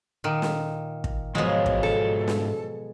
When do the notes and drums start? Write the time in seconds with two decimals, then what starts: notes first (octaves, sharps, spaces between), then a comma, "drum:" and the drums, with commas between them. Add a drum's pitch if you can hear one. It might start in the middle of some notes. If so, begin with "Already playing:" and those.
0.24 A#2 D#3
0.42 drum: snare
1.04 drum: kick
1.35 G#2 B2 F3 F#3 G#3 F4
1.66 drum: kick
1.83 A4
2.28 drum: snare